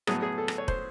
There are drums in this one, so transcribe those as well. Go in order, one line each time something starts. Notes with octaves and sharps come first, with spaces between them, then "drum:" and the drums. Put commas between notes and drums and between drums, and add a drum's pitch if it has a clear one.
A2 F#3 B3 G#4, drum: rim click
G#4
A4
drum: rim click
C#5
C5, drum: kick